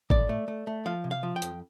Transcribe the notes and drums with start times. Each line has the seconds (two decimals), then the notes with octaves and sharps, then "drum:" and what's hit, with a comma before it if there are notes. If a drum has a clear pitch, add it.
0.10 A2 D5, drum: kick G#1
0.29 A3
0.48 A3
0.67 A3
0.86 F3 F5
1.04 C3
1.11 F5
1.23 F3
1.36 G5
1.42 F2, drum: hi-hat